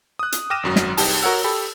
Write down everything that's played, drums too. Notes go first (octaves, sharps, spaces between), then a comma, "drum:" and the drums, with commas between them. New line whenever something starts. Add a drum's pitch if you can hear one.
D#6 F#6
drum: hi-hat
G5 D6 F6 A#6 D#7 E7
G#1 F#2 F#3
drum: snare
C2 D#4 G4 A5, drum: open hi-hat
F#4 A#4 C#5 F#5 E6
G4 A4 B5